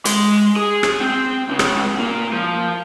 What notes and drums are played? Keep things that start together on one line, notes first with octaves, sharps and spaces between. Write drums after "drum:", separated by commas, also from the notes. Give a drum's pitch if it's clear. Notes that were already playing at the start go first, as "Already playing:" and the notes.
G#3 C6, drum: hi-hat
G#4
drum: rim click
C4
C#2 C#3
drum: rim click
A#2 A#3
F3